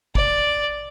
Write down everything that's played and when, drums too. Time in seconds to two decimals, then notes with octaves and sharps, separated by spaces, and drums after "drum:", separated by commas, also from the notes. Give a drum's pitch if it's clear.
0.15 D5, drum: kick